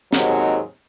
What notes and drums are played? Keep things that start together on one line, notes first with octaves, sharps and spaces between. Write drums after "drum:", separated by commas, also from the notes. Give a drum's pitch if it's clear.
D#2 G#2 F#3 G#3 C4 G#4, drum: snare